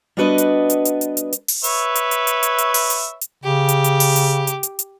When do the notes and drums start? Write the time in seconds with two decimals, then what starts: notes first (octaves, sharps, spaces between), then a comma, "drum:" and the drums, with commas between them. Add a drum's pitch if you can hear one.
0.17 G3 B3 D4 F#4 B4 D#5
0.38 drum: hi-hat
0.70 drum: hi-hat
0.85 drum: hi-hat
1.01 drum: hi-hat
1.17 drum: hi-hat
1.33 drum: hi-hat
1.48 drum: open hi-hat
1.64 B4 C#5 E5, drum: hi-hat
1.95 drum: hi-hat
2.11 drum: hi-hat
2.27 drum: hi-hat
2.43 drum: hi-hat
2.58 drum: hi-hat
2.74 drum: open hi-hat
2.90 drum: hi-hat
3.21 drum: hi-hat
3.44 C#3 G4
3.69 drum: hi-hat
3.84 drum: hi-hat
4.00 drum: open hi-hat
4.16 drum: hi-hat
4.47 drum: hi-hat
4.63 drum: hi-hat
4.79 drum: hi-hat